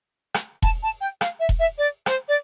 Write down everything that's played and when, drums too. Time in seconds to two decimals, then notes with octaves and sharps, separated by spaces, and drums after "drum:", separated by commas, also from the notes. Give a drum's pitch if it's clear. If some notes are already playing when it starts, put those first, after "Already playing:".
0.34 drum: rim click
0.62 A5, drum: kick E1
0.82 A5
1.01 G5
1.21 F5, drum: rim click
1.39 E5
1.49 drum: kick E1
1.59 E5
1.78 D5
2.06 C5, drum: rim click
2.28 D5